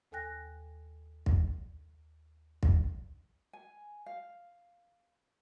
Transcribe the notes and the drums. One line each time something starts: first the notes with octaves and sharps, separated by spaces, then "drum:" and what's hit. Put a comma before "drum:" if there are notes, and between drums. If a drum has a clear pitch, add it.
D#2 A4 G5 G#5 F#6 A#6
drum: kick
drum: kick
G#5
F5